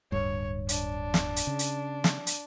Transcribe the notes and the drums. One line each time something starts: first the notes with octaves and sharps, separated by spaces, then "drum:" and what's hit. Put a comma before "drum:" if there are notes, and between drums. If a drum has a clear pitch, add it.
D1 G2 C#5
D4, drum: hi-hat
drum: snare
drum: hi-hat
C#3
drum: hi-hat
drum: snare
drum: hi-hat